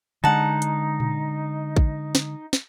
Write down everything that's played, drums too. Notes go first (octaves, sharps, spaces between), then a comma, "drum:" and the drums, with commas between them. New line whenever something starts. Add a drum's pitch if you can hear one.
D3 G#3 D#4 F#5 A5
drum: hi-hat
drum: tom A#2
drum: kick A1
drum: snare
drum: snare